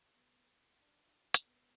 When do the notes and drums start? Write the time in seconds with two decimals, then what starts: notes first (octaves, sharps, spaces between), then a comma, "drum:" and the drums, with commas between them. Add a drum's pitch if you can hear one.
0.12 B3
0.79 D4
1.34 drum: hi-hat
1.45 B3